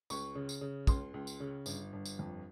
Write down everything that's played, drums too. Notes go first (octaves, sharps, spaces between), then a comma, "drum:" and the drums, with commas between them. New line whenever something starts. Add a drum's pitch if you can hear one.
C#2 C#6, drum: tambourine
C#3
drum: tambourine
C#3
C#2 C6, drum: kick, tambourine
C#2
drum: tambourine
C#3
G1, drum: tambourine
G1
drum: tambourine
F2